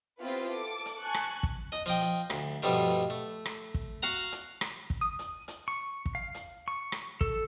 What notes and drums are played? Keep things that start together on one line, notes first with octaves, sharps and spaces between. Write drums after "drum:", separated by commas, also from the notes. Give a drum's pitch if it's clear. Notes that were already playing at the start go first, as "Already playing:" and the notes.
B3 C4 E4 F4 G4 B4
A4 D6
drum: hi-hat
G#5 A5 C#6 F#6
drum: rim click
drum: kick
D#5, drum: hi-hat
F3 D#5 G5
drum: hi-hat
D2, drum: rim click
G2 B2 F3 G3 A3
drum: hi-hat
A3
drum: rim click
drum: kick
F#4 F5 F#5 A#5, drum: hi-hat
drum: hi-hat
drum: rim click
drum: kick
D#6
drum: hi-hat
drum: hi-hat
C#6
drum: kick
F5
drum: hi-hat
C#6
drum: rim click
A4, drum: kick